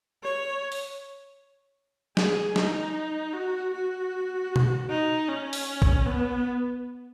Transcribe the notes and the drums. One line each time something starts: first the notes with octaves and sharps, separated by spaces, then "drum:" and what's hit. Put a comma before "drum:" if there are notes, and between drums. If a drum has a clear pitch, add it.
C#5
drum: open hi-hat
G#4, drum: snare
D#4, drum: snare
F#4
F#4
drum: tom B2
D#4
C#4
drum: open hi-hat
drum: kick
B3